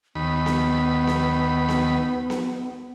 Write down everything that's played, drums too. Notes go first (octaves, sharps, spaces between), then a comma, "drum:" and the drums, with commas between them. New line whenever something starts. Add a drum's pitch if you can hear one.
D#2 B3 B5
drum: snare B3
drum: snare B3
drum: snare B3
drum: snare B3